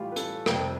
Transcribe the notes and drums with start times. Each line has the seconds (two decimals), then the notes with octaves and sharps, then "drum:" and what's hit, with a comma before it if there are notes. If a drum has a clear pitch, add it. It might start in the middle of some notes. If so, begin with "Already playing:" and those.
Already playing: A2 E3 G3 F4 G4
0.12 B4
0.16 A4, drum: hi-hat
0.46 F2 C3 G3 A4, drum: rim click